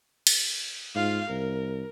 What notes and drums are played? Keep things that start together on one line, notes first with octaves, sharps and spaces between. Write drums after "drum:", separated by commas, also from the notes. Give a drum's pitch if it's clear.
drum: cymbal
G#2 F4 F5
C2 A#4